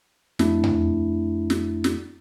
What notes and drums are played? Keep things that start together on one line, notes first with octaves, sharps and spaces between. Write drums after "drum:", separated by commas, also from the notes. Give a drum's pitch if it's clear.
F2 A3 D4 E4, drum: snare
drum: tom E2
drum: snare
drum: snare